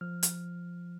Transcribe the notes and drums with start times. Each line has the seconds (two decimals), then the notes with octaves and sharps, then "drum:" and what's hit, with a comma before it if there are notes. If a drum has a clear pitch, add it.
0.01 F3 F6
0.23 drum: hi-hat